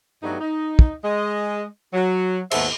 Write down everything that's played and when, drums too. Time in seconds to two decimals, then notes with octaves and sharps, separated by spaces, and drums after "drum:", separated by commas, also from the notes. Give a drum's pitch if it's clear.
0.23 G2 F#3 G3 A3 B3 D#4
0.40 D#4
0.79 drum: kick
1.03 G#3 D#5
1.94 F#3
2.51 D#2 G#2 B3 A4 C5 E5, drum: cymbal